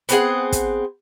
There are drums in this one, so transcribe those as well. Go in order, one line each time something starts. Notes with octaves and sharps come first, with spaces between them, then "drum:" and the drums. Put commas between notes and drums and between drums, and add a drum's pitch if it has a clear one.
B3 C4 G#4 F#5, drum: hi-hat
drum: kick, hi-hat